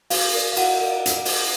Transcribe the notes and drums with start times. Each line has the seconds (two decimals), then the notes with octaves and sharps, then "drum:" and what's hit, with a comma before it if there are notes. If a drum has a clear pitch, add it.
0.10 F#4 F5, drum: open hi-hat
0.34 A#4 D5
0.52 F5
0.57 F#4 F#5, drum: cymbal
0.79 A#4 D5 F5
1.06 drum: hi-hat
1.25 drum: open hi-hat